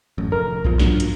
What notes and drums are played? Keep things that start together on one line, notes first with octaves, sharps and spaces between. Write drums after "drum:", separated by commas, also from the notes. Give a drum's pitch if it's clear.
A1 F#2
F1 A#4
A#1 E2 F3, drum: kick B1
G#2 F#3 D4, drum: snare
drum: hi-hat